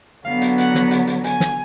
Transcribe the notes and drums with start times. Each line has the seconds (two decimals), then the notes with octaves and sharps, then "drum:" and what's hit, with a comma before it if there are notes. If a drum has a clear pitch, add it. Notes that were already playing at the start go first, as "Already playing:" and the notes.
0.25 D3 F#3 B3 F5
0.42 drum: hi-hat
0.58 F#5, drum: hi-hat
0.74 drum: snare
0.91 drum: hi-hat
1.07 drum: hi-hat
1.24 G#5, drum: hi-hat
1.40 drum: snare